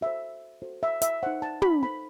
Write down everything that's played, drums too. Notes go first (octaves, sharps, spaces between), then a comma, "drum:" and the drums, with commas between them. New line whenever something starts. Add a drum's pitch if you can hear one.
F#4 A4 C5 E5
F#4 A4 C5
E5
E5, drum: hi-hat
D#4 A4 C5 F#5
A5
B5, drum: tom
D#4 A4 C5 B5